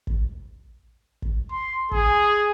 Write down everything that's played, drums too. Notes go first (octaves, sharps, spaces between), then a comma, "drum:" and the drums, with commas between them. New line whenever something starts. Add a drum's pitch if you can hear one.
drum: kick
drum: kick
C6
G#4, drum: kick